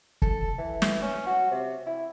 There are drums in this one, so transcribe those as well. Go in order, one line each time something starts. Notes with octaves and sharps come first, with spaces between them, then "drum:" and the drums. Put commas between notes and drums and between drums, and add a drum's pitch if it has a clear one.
A4, drum: kick
E3
drum: snare
C#4
F#4
C3
E4